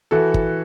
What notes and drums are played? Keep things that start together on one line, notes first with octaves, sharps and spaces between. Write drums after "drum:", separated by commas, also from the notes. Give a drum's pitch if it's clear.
E3 F#4 A4
drum: kick